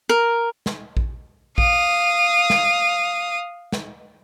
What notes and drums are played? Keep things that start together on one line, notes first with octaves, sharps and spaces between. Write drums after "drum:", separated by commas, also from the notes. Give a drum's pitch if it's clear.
A#4
drum: snare
drum: kick A#1
F5 D#6, drum: kick A#1
drum: snare
drum: snare